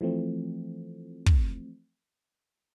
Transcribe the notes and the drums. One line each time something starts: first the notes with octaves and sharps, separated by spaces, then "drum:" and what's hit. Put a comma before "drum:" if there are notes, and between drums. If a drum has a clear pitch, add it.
E3 F3 A3 C4
drum: kick